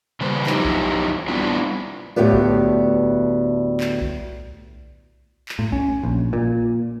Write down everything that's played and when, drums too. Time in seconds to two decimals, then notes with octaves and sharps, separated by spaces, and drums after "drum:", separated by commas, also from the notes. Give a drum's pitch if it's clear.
0.21 C#3 G3 A#3 B4 C5
0.47 F3 F#3 D#4 E4 G4, drum: clap
0.65 drum: kick B1
1.28 G3 B3 C4 D4 E4 F4
2.16 D2 A2 B3 G4 B4 D5
2.33 drum: kick B1
3.80 drum: clap
4.01 drum: kick B1
5.49 drum: clap
5.59 A2
5.72 C#4, drum: kick B1
6.03 A#1
6.33 A#2